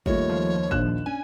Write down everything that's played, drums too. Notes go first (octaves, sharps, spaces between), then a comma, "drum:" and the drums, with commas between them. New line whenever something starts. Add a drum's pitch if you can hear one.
D#2 G3 A3 F4 C#5, drum: kick
F3
A#1 F#6 E7, drum: kick
C#4 D4 G#5